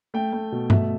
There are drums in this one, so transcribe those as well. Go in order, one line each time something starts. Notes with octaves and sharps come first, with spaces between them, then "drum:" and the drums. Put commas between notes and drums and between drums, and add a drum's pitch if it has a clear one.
A3 G5
A3
B2
A3 E5, drum: tom G2